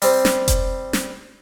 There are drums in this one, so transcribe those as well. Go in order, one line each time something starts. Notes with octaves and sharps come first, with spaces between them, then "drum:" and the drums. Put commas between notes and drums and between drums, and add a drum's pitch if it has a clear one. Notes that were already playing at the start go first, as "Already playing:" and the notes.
G3 C4, drum: open hi-hat
drum: snare
drum: kick F1, hi-hat
drum: snare